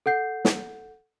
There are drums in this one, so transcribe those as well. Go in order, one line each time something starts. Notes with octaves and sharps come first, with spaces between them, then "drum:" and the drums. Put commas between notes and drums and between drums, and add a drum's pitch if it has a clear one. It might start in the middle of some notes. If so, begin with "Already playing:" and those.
A4 F#5 G6 C7
drum: snare